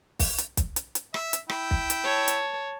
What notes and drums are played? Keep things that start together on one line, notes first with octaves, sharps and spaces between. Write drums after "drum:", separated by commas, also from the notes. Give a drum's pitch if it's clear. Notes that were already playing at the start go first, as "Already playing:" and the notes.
drum: kick, open hi-hat
drum: hi-hat
drum: kick, hi-hat
drum: hi-hat
drum: hi-hat
E5, drum: rim click
drum: hi-hat
E4 G5, drum: rim click
drum: kick
drum: hi-hat
C#5 A5
drum: hi-hat